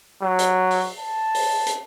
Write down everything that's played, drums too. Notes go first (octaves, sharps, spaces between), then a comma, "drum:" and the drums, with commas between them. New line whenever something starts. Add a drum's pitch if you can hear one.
F#3
drum: hi-hat
drum: open hi-hat
A5
drum: open hi-hat
drum: hi-hat